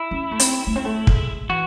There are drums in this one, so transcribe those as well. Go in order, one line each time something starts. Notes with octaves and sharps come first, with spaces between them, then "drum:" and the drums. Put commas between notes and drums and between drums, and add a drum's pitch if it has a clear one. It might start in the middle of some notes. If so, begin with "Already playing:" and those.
Already playing: E4
C#4
A3
C4, drum: hi-hat
A3
C4
A3
G#3, drum: kick
E3 F#4